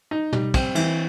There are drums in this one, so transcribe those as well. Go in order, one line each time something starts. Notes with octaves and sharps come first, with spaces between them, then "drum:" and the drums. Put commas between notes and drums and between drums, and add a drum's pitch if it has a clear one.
D#4
G3, drum: tom
C4, drum: kick, cymbal
E3, drum: cymbal